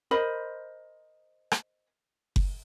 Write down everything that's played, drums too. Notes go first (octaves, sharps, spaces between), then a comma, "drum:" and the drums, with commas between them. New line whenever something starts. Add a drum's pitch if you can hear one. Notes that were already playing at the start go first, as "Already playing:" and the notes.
A#4 C5 D#5 B5
drum: rim click
drum: kick F#1